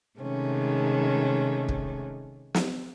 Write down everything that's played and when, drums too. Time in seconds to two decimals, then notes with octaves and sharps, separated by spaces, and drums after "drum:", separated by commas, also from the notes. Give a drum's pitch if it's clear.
0.18 C3 D#3 G#3 A3 C#4
1.69 drum: kick
2.54 drum: snare